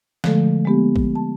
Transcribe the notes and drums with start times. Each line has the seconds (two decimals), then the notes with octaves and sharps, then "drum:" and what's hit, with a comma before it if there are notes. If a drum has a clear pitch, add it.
0.24 D3 F3 G#3 A3 A4, drum: snare
0.65 G#3 A#3 B3 G4
0.96 drum: kick
1.15 A5